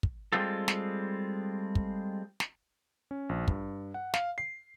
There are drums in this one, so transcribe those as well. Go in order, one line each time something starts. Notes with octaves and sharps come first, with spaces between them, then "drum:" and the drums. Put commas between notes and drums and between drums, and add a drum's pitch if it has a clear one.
drum: kick
G3 G#3 C4 F4 A4
drum: snare
drum: kick
drum: snare
C#4
A#1
G2, drum: kick
F#5
F5, drum: snare
C7